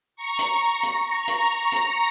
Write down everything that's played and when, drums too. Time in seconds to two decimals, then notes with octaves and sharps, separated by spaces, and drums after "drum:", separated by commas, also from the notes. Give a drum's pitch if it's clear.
0.16 A#5 C#6
0.39 drum: hi-hat
0.83 drum: hi-hat
1.28 drum: hi-hat
1.72 drum: hi-hat